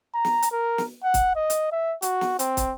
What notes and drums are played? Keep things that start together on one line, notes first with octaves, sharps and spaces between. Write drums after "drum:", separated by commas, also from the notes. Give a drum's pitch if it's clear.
A#5
drum: snare
drum: hi-hat
A#4
drum: snare
F#5
drum: kick, hi-hat
D#5
drum: hi-hat
E5
F#4, drum: hi-hat
drum: snare
C4, drum: hi-hat
drum: kick, hi-hat